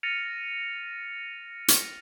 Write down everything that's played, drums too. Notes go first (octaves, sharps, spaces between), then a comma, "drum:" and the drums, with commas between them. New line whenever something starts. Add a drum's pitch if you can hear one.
F6 A6 A#6 C#7 D#7 F7
drum: hi-hat